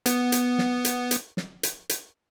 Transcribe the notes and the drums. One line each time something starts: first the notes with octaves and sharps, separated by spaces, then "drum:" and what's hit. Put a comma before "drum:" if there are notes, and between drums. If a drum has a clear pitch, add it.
B3, drum: hi-hat
drum: hi-hat
drum: snare
drum: hi-hat
drum: hi-hat
drum: snare
drum: hi-hat
drum: hi-hat